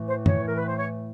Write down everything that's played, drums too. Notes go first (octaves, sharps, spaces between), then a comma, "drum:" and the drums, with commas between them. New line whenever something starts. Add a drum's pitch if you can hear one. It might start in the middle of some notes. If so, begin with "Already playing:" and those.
Already playing: A2 E3 A3
C5
C#5, drum: tom F#2
A#4
B4
C5
C#5